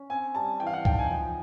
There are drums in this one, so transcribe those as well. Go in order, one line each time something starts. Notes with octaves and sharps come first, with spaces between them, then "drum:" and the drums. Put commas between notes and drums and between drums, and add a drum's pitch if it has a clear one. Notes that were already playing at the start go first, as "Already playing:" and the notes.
Already playing: C#4
C4 G#5
G3 A5
E3 G5
F5
F#5
D#4 G5, drum: kick C#2
A5
G#5
F3